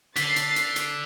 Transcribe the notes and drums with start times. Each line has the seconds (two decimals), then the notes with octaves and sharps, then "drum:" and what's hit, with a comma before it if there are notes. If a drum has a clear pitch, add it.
0.16 D3 A6 B6 C7, drum: hi-hat
0.36 drum: hi-hat
0.56 drum: hi-hat
0.76 drum: hi-hat